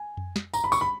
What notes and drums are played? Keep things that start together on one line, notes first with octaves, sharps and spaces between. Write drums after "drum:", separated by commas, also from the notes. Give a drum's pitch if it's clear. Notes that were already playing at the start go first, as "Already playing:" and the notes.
Already playing: G#5
drum: tom F2
drum: snare
A#5, drum: tambourine
B5
C#6, drum: tambourine
B5